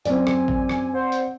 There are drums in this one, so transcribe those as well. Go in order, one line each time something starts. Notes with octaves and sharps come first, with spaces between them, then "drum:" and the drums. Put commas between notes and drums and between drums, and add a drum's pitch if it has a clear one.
F#2 C4 D5 G#5, drum: hi-hat
drum: rim click
drum: kick A1
drum: rim click
C5 F#5
drum: hi-hat